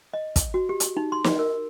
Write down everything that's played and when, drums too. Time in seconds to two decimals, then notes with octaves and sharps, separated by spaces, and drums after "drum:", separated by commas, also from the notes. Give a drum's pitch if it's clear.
0.14 D#5
0.36 drum: kick, hi-hat
0.54 F#4
0.69 G4
0.80 drum: hi-hat
0.97 D#4
1.12 C6
1.24 drum: snare
1.39 A#4